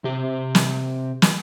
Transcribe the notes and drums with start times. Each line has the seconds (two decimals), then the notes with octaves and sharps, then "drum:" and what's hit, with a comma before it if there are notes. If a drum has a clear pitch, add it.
0.04 C3 G4
0.55 drum: snare
1.22 drum: snare